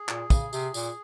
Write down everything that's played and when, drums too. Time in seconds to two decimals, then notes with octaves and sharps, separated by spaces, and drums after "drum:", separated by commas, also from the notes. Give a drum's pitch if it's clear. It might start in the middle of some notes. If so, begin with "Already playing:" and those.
Already playing: G#4
0.08 A#2, drum: clap
0.30 C#3, drum: kick, tambourine
0.53 C3, drum: tambourine
0.74 A#2, drum: tambourine